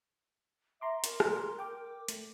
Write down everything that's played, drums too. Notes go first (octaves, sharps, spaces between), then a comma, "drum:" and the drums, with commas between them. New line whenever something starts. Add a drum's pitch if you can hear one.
E5 A#5 C6 D6
A#4, drum: hi-hat
drum: rim click
G5 D6
A3, drum: hi-hat